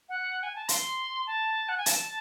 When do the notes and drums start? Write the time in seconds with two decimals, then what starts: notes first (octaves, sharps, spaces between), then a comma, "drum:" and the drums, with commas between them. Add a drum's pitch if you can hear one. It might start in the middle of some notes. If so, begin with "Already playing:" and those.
0.09 F#5
0.43 G#5
0.55 A5
0.69 C6, drum: hi-hat
1.27 A5
1.69 F#5
1.77 G#5
1.86 A5, drum: hi-hat